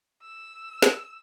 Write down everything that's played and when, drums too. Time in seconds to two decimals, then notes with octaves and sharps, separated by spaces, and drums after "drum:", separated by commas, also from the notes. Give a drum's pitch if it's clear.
0.22 E6
0.82 drum: snare